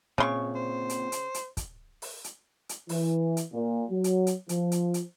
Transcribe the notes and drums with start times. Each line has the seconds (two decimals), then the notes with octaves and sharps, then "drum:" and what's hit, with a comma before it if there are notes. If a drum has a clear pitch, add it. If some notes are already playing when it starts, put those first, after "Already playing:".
0.18 A#2 C#3 C4 C6 C#6
0.55 C5
0.89 drum: hi-hat
1.12 drum: hi-hat
1.34 drum: hi-hat
1.57 drum: kick, hi-hat
2.02 drum: open hi-hat
2.24 drum: hi-hat
2.69 drum: hi-hat
2.89 E3, drum: open hi-hat
3.37 drum: hi-hat
3.52 A#2
3.90 F#3
4.04 drum: hi-hat
4.27 drum: hi-hat
4.49 F3, drum: hi-hat
4.72 drum: hi-hat
4.94 drum: hi-hat